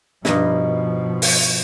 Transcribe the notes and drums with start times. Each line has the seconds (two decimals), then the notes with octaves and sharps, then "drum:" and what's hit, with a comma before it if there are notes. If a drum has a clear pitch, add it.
0.25 G2 B2 F3 D#4 E4, drum: snare
1.22 drum: open hi-hat